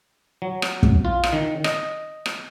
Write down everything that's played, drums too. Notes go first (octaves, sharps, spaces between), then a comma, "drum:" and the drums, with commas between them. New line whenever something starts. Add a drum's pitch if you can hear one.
F#3
drum: rim click
drum: kick
F4
drum: rim click
D#3
D#5, drum: rim click
drum: rim click